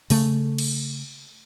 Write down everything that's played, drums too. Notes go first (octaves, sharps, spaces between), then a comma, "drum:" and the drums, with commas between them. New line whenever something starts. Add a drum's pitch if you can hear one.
C#3 A3, drum: open hi-hat
drum: cymbal